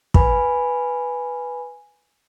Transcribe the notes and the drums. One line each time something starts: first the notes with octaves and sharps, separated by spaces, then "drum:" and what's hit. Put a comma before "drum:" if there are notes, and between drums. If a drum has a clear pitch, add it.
B4 G#5 B5, drum: kick